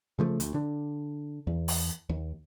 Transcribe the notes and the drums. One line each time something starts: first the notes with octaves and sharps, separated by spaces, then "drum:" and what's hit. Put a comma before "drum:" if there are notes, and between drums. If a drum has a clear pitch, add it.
C#3 F3 A3
D2, drum: hi-hat
D3
E2
drum: open hi-hat
D#2